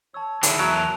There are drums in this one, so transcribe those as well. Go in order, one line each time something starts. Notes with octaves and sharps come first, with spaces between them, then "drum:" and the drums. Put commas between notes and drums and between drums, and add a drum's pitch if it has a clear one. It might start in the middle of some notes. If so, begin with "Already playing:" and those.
C#5 A5 E6
D3 D#3 E4 G#4, drum: hi-hat
E2 F#3 E4 A#4
A5 F#6 F7